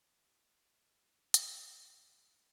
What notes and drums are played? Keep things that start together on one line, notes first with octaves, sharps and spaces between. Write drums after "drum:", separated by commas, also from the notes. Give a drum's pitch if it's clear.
G4
D#5
drum: hi-hat
F5